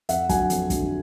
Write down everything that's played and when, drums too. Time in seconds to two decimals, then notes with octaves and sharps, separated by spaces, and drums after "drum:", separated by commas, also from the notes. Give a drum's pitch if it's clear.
0.09 F2 E5 F#5, drum: hi-hat
0.29 D3 F#3 F#5 G#5, drum: kick, hi-hat
0.50 F2, drum: hi-hat
0.70 D3 F#3, drum: kick, hi-hat